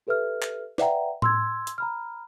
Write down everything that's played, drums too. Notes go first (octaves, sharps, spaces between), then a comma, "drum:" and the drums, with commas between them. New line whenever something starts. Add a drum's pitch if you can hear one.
G4 A4 B4 E5 F6
drum: clap
B4 D5 E5 F#5 G5 A#5, drum: snare
C6 E6 G#6, drum: tom A2
drum: hi-hat
A#5 B5 F6